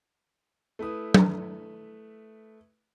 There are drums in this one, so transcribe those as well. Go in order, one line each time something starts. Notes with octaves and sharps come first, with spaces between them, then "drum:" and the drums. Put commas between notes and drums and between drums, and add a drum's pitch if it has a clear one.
A3 E4 B4 D#6
drum: tom F#3